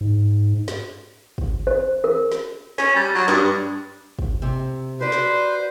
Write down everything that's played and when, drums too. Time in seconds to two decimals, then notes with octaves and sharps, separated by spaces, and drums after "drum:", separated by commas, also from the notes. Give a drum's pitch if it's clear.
0.01 G#2
0.68 drum: snare
1.38 drum: kick
1.67 C5
2.04 A#4
2.32 drum: snare
2.78 C#4, drum: snare
2.96 G3
3.15 F#3
3.28 G2, drum: snare
3.44 G2
4.19 drum: kick
4.42 C3
5.01 F#4 B4 C5 D5
5.12 drum: snare